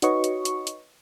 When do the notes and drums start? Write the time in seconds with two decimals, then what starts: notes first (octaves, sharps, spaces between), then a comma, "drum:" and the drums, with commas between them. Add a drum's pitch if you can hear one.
0.02 D#4 F#4 B4 C#5 D#5 C#6, drum: hi-hat
0.24 drum: hi-hat
0.45 drum: hi-hat
0.67 drum: hi-hat